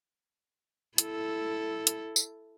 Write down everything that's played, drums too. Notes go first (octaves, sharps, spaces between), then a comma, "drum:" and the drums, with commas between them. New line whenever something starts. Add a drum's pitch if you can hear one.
E4 A4, drum: hi-hat
drum: hi-hat
drum: tambourine